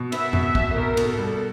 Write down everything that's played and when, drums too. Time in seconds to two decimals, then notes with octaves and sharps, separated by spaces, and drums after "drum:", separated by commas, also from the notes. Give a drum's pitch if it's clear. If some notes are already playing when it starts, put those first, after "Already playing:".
Already playing: B2
0.12 B3 E5, drum: cymbal
0.33 B2, drum: tom F2
0.44 E5
0.55 B2, drum: kick
0.76 B2 A#4
0.97 B2, drum: cymbal
1.07 A4
1.18 G3